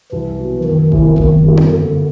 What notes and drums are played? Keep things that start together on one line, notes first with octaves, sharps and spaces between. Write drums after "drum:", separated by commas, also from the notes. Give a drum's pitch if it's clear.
C2 E3
B2 F#3
F#1 D#3
E2 C3 E3 A3, drum: kick D#1
F#1 D#3, drum: kick D#1
E2 B2 G3 A#3
drum: tom C4
G1 D3
A#3